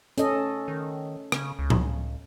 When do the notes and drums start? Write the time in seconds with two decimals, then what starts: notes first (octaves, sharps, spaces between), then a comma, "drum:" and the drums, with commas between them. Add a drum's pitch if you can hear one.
0.18 C#4 A4 D#5, drum: hi-hat
0.68 D#3
1.32 C#3, drum: rim click
1.59 C#2
1.70 drum: tom A2